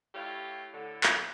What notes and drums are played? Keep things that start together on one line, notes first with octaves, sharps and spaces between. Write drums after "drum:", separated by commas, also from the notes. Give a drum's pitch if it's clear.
A3 E4 G4 C#5 F5
A2 D3
drum: clap